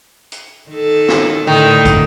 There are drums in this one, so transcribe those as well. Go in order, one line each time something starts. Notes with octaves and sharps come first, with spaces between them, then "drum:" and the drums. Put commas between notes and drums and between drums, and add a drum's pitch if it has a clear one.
drum: hi-hat
D#3 A4
drum: snare
A2 D3 D#3 D#5
drum: kick, hi-hat